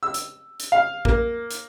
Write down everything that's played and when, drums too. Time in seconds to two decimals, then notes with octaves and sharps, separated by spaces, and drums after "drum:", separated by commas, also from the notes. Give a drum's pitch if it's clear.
0.03 E6
0.14 drum: hi-hat
0.60 drum: hi-hat
0.72 F5
1.05 A#3, drum: kick
1.51 drum: hi-hat